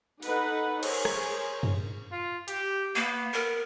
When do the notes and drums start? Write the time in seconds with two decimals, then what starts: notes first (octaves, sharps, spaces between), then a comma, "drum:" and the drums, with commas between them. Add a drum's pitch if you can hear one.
0.22 D#4 A4 B4 F#5, drum: open hi-hat
0.83 G#4 A#4 C5 C#5, drum: cymbal
1.05 drum: rim click
1.63 drum: tom F#2
2.11 F4
2.48 G4, drum: hi-hat
2.96 A#3 B3
3.33 A#4